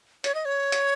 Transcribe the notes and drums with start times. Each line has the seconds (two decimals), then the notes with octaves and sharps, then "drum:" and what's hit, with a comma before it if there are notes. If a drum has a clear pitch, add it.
0.24 C#5, drum: hi-hat
0.35 D#5
0.45 C#5
0.72 drum: hi-hat